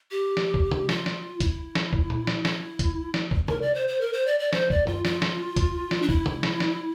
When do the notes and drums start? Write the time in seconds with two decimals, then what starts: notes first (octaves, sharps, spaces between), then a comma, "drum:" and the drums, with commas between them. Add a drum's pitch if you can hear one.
0.11 G4
0.37 drum: snare
0.54 drum: kick
0.71 drum: tom C3
0.89 F4, drum: snare
1.06 drum: snare
1.40 E4, drum: kick, hi-hat
1.75 drum: snare
1.93 drum: kick
2.10 drum: tom A#2
2.27 drum: snare
2.45 E4, drum: snare
2.79 drum: kick, hi-hat
3.14 drum: snare
3.31 drum: kick
3.48 A#4, drum: tom C3
3.62 D5
3.75 C5
3.88 C5
4.01 A#4
4.13 C5
4.26 D5
4.39 D5
4.53 C5, drum: snare
4.70 D5, drum: kick
4.87 F4, drum: tom F#2
5.05 F4, drum: snare
5.22 drum: snare
5.56 drum: kick, hi-hat
5.91 drum: snare
6.02 D4
6.09 E4, drum: kick
6.26 drum: tom C3
6.43 drum: snare
6.60 drum: snare